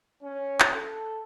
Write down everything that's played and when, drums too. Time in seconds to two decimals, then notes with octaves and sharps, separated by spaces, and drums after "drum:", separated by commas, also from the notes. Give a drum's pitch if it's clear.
0.23 C#4
0.60 drum: clap
0.74 A4